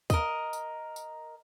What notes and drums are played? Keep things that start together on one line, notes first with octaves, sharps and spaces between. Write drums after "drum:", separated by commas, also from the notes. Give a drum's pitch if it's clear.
A#4 D#5, drum: kick, tambourine
drum: tambourine
drum: tambourine